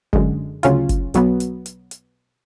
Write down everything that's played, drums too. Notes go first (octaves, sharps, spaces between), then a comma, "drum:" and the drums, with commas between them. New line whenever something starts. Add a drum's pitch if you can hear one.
F#2 D3 G#3, drum: kick
D2 C#3 F#3 C#4 F4, drum: hi-hat
drum: kick, hi-hat
B1 B2 F#3 B3, drum: hi-hat
drum: hi-hat
drum: hi-hat
drum: hi-hat